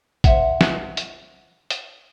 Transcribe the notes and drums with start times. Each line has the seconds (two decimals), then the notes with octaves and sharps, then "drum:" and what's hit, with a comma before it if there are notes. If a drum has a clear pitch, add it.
0.24 C5 E5 F#5, drum: kick, hi-hat
0.61 drum: snare
0.97 drum: hi-hat
1.70 drum: hi-hat